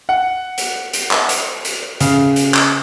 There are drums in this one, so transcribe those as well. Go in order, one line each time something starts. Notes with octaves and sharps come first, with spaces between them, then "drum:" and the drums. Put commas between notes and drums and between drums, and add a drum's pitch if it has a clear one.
F#5
drum: hi-hat
drum: hi-hat
drum: clap
drum: hi-hat
drum: hi-hat
C#3, drum: hi-hat
drum: hi-hat
drum: clap